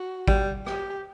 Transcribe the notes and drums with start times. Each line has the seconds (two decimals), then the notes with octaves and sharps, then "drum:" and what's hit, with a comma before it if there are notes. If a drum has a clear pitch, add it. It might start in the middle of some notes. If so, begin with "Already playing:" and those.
Already playing: F#4
0.28 G3, drum: kick
0.66 G4, drum: rim click